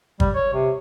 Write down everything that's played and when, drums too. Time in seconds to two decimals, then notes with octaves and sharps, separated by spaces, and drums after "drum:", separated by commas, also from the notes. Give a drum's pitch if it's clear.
0.20 G3, drum: kick G1
0.35 C#5
0.53 C3